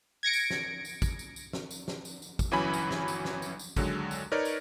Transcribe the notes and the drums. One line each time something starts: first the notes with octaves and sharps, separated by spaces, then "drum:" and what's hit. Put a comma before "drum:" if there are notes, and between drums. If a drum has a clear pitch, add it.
G#6 A#6 C#7 D7
drum: tambourine
drum: snare
drum: tambourine
drum: kick G#1, tambourine
drum: tambourine
drum: tambourine
drum: snare
drum: tambourine
drum: snare
drum: tambourine
drum: tambourine
drum: kick G#1, tambourine
G1 E3 F#3 C#4 G#5 B5
drum: tambourine
drum: snare
drum: tambourine
drum: snare
drum: tambourine
drum: tambourine
D#2 D3 F#3 G#3, drum: kick G#1, tambourine
drum: tambourine
D#4 A#4 B4 C#5 D5
drum: tambourine